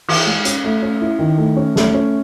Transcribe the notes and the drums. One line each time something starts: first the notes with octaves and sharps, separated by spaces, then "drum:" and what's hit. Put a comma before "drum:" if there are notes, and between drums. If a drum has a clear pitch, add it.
E3, drum: cymbal
G#3
C#4, drum: hi-hat
A3
C#4
E4
D#3
A3
C#4
A3, drum: snare
C#4